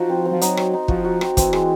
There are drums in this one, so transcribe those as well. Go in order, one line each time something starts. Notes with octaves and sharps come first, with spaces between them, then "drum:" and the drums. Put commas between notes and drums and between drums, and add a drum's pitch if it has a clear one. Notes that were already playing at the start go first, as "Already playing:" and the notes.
Already playing: F3 D#4 F#4
C4
C4
F3
F#3 D#4, drum: hi-hat
C4, drum: rim click
D#4
F3 F#4, drum: kick
F#4
C4, drum: rim click
E3 C4, drum: kick, hi-hat
G#3, drum: rim click